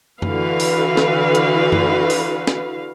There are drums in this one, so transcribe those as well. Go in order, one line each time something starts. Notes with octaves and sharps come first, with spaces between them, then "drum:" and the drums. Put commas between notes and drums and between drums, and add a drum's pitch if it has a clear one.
D3 E3 F#4 B4 F5, drum: tom
drum: open hi-hat
drum: snare
drum: hi-hat
drum: tom
drum: open hi-hat
drum: snare